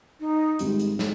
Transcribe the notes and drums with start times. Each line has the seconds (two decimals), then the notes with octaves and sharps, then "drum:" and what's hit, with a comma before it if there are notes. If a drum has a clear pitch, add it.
0.20 D#4
0.59 G#1 G#2 G3, drum: hi-hat
0.79 drum: hi-hat
0.99 drum: snare